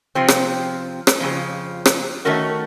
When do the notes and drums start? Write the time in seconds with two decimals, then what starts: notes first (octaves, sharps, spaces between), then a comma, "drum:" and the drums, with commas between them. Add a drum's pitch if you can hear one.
0.15 C3 F3 C4
0.28 drum: rim click
1.07 drum: rim click
1.20 F2 C#3 F3
1.86 drum: rim click
2.25 D#3 A3 C#4 F#4 A#4